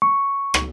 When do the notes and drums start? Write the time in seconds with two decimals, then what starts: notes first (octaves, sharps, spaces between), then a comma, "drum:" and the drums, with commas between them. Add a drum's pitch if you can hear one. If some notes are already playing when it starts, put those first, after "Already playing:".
0.02 C#6
0.54 drum: rim click